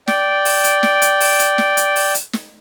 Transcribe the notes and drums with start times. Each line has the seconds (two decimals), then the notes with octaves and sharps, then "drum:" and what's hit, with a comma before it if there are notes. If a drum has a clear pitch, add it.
0.08 D5 G5, drum: snare
0.45 drum: open hi-hat
0.64 drum: hi-hat
0.83 drum: snare
1.02 drum: hi-hat
1.20 drum: open hi-hat
1.39 drum: hi-hat
1.58 drum: snare
1.77 drum: hi-hat
1.96 drum: open hi-hat
2.15 drum: hi-hat
2.33 drum: snare